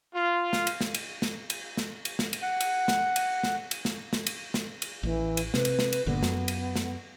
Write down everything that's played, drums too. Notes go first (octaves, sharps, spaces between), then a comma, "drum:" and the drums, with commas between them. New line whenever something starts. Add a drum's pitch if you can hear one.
F4
drum: snare
drum: cymbal
drum: snare
drum: cymbal
drum: snare
drum: cymbal
drum: snare
drum: cymbal
drum: snare
drum: cymbal
F#5
drum: cymbal
drum: snare
drum: cymbal
drum: snare
drum: cymbal
drum: snare
drum: snare
drum: cymbal
drum: snare
drum: cymbal
A1 E3
drum: cymbal
C3 B4, drum: snare
drum: cymbal
drum: snare
drum: cymbal
G1 A#2 D3 B3
F#2, drum: snare
drum: cymbal
drum: snare